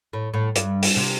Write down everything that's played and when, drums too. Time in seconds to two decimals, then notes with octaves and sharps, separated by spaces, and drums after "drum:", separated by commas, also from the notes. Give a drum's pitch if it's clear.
0.13 A2
0.34 A2
0.55 G2, drum: hi-hat
0.83 drum: open hi-hat
0.96 C3